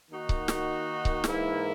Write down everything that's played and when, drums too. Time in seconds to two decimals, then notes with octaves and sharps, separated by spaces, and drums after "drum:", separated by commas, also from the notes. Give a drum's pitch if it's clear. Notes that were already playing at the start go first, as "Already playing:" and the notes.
0.10 D#3 A#3 D#4 F#4
0.29 drum: kick C#1
0.48 drum: snare
1.05 drum: kick C#1
1.24 G#2 E3 A#3 E4 A#4, drum: snare